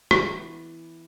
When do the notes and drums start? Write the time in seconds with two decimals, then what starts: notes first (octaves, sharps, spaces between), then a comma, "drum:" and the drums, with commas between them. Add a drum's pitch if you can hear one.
0.11 E3 B3 D5, drum: rim click